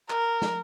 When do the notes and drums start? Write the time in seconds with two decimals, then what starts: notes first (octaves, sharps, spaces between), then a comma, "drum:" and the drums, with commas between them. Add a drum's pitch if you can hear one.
0.10 A#4, drum: clap
0.42 drum: snare